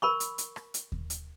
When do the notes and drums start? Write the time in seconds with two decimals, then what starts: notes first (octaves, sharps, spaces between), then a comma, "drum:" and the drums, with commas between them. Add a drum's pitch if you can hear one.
0.02 A#4 B5 C#6
0.20 drum: hi-hat
0.38 drum: hi-hat
0.56 drum: rim click
0.74 drum: hi-hat
0.92 drum: kick D#2
1.10 drum: hi-hat